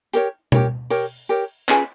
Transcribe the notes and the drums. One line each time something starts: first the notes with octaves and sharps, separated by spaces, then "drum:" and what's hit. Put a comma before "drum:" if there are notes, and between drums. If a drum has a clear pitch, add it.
G4 A#4 C#5, drum: hi-hat
G4 A#4 C#5, drum: tom B2
G4 A#4 C#5, drum: open hi-hat
G4 A#4 C#5
C#4 F4 G#4 B4, drum: clap